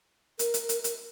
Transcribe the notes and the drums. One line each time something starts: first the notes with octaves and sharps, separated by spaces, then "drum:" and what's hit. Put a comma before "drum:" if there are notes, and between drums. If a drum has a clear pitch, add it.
A#4, drum: hi-hat
drum: hi-hat
drum: hi-hat
drum: hi-hat